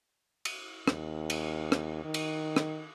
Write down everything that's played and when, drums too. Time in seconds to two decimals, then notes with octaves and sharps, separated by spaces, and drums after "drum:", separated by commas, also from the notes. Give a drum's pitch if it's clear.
0.45 drum: cymbal
0.88 D#2, drum: rim click
1.30 drum: cymbal
1.72 drum: rim click
2.04 D#3
2.14 drum: cymbal
2.56 drum: rim click